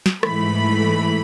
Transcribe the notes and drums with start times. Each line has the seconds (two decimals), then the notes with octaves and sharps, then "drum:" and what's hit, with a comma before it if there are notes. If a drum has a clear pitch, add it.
0.06 drum: snare
0.23 G#2 E3 A3 B5, drum: rim click